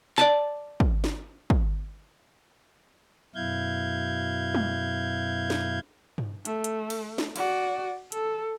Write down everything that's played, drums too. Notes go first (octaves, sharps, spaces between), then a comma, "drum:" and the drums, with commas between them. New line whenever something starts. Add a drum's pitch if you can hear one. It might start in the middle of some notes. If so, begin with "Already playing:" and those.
D5 A5, drum: clap
drum: kick
drum: snare
drum: kick
F#2 B2 E4 F5 G6 G#6
drum: tom G3
drum: snare
drum: tom G2
A3, drum: hi-hat
drum: hi-hat
drum: cymbal
drum: snare
F#4 D5, drum: cymbal
A4, drum: hi-hat